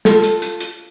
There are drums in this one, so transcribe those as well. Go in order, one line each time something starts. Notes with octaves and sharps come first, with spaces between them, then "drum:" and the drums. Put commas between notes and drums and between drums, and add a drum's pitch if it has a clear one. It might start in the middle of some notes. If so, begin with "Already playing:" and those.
F4 A4, drum: snare
drum: hi-hat
drum: hi-hat
drum: hi-hat